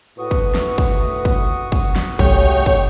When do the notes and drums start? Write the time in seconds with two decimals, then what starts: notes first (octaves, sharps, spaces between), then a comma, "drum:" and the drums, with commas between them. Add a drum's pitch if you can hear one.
0.19 A2 F#4 B4 C#6 D#6
0.31 drum: kick
0.55 drum: snare
0.78 drum: kick
1.25 drum: kick
1.72 drum: kick
1.96 drum: snare
2.19 C2 G#3 A3 G4 C#5 G5, drum: kick
2.66 drum: kick